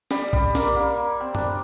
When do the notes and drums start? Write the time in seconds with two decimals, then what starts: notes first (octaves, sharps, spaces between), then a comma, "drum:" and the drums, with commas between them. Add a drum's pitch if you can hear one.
0.11 G3, drum: snare
0.33 G3, drum: kick B1
0.55 A#3, drum: snare
0.76 A#3
1.20 C4
1.35 D4, drum: tom F#2